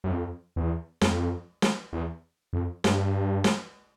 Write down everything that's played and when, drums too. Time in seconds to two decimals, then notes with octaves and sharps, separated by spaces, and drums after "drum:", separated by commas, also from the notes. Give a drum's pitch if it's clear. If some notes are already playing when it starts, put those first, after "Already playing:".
0.04 F#2
0.11 F2
0.56 E2
1.01 F2, drum: snare
1.62 drum: snare
1.93 E2
2.53 F2
2.84 G2, drum: snare
3.44 drum: snare